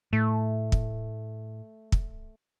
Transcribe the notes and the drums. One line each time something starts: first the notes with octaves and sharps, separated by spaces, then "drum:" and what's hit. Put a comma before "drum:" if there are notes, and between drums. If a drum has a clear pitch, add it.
A2 A3
drum: kick
drum: kick